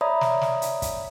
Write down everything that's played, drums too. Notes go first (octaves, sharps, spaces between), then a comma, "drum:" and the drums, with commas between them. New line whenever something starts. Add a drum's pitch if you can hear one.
C#5 D5 E5 A#5 B5 D#6
drum: snare
drum: snare
drum: hi-hat
drum: kick, hi-hat